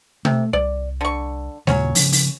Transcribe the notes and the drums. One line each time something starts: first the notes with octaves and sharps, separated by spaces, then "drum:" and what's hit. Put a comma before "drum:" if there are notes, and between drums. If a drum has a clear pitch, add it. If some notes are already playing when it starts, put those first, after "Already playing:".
C3 A3, drum: tom B2
C2 D5
D3 C#6
D#2 A#2 C#3 F#3 C#4 C#5, drum: snare G#3
C#3 F3, drum: open hi-hat
drum: open hi-hat